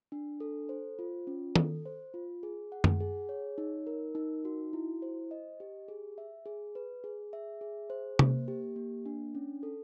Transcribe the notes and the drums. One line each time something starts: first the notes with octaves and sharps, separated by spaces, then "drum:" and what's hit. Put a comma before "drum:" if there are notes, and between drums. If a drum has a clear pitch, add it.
D4
A4
C5
F4
C#4
A4, drum: tom
C5
F4
G#4
F#5
drum: tom F#2
G#4
C#5
D#4
A#4
D#4
F#4
E4
C5
D#5
G4
G#4
E5
G#4
B4
G#4
E5
G#4
C5
A#3, drum: tom C3
G4
A#3
D4
C#4
A4